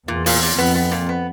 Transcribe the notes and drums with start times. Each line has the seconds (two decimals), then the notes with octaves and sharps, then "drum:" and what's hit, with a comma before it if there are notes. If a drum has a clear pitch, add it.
0.08 E2 A#2
0.26 A#2, drum: open hi-hat
0.42 A#2
0.58 F2 B3
0.75 B3
0.91 A#2
1.09 B3